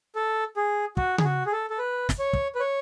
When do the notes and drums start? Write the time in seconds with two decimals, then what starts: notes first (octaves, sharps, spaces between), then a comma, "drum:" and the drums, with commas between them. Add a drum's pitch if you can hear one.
0.15 A4
0.57 G#4
0.97 F#4, drum: kick
1.18 G#4, drum: tom C#3
1.24 F#4
1.46 G#4
1.52 A4
1.70 A4
1.78 B4
2.09 drum: snare
2.19 C#5
2.33 drum: kick
2.55 B4
2.60 C#5